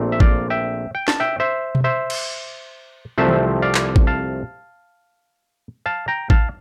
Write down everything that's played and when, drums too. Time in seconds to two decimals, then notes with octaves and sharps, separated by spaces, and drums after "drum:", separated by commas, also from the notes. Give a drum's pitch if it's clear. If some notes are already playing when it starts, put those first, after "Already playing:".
Already playing: A#1 A#2 A3 C4
0.12 E5
0.20 D5 F5, drum: kick A1
0.50 E5 G5
0.95 G5
1.08 A5, drum: snare
1.20 E5 G5
1.40 C5 E5
1.75 drum: tom B2
1.84 C5 E5
2.10 drum: cymbal
3.18 C2 C3 F3 A3 C4 C5 E5
3.29 drum: tom D#3
3.62 D5 F5
3.75 drum: clap
3.96 drum: kick A1
4.07 F5 A5
5.86 F5 A5
6.08 G5 A#5
6.30 F5 A5, drum: kick A1